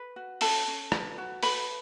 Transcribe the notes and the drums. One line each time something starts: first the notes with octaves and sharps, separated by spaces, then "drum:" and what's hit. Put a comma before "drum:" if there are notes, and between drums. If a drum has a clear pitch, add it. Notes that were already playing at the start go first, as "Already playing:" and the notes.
Already playing: B4
F#4
C#4 A4 A5, drum: open hi-hat
C#4
B4, drum: rim click
F#4
A4 B4 B5, drum: open hi-hat